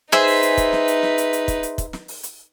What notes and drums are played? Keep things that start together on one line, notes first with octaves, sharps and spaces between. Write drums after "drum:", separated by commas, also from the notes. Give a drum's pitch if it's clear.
D#4 G#4 B4 C5 E5, drum: snare
drum: open hi-hat
drum: hi-hat
drum: kick, hi-hat
drum: snare
drum: hi-hat
drum: snare
drum: hi-hat
drum: hi-hat
drum: kick, hi-hat
drum: hi-hat
drum: kick, hi-hat
drum: snare
drum: open hi-hat
drum: hi-hat